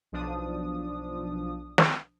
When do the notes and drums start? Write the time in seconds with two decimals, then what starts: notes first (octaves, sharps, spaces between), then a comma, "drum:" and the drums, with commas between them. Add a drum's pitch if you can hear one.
0.12 B1 F3 D4 D#6
1.78 drum: snare